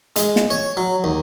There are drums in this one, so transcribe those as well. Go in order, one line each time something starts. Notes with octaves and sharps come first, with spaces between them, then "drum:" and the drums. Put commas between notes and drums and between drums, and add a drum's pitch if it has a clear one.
G#3, drum: hi-hat
drum: snare
C#5
F#3
D#2